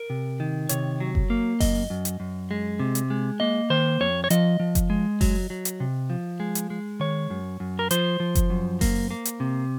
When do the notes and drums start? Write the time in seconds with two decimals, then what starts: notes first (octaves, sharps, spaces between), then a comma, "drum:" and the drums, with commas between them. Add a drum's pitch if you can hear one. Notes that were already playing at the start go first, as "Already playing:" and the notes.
Already playing: A#4
0.10 C3
0.40 D#3
0.69 C3 C#5, drum: hi-hat
1.00 F#3
1.15 drum: kick F#1
1.30 A#3
1.60 F#2 D#5, drum: kick F#1, open hi-hat
1.90 F#2
2.05 drum: hi-hat
2.20 F#2
2.51 G#3
2.79 C3
2.95 drum: hi-hat
3.10 G#3
3.40 A#3 D#5
3.70 D#3 C5
4.01 F2 C#5
4.24 C#5
4.30 F3 D#5, drum: hi-hat
4.60 F3
4.75 drum: kick F#1, hi-hat
4.90 G#3
5.21 F#3, drum: kick F#1, open hi-hat
5.50 F#3
5.65 drum: hi-hat
5.80 C3
6.10 F3
6.40 G#3
6.55 drum: hi-hat
6.70 G#3
7.00 D#3 C#5
7.30 F#2
7.60 F#2
7.79 A#4
7.91 F3 C5, drum: hi-hat
8.20 F3
8.35 drum: kick F#1, hi-hat
8.50 F#2
8.81 A#3, drum: kick F#1, open hi-hat
9.11 A#3
9.25 drum: hi-hat
9.40 C3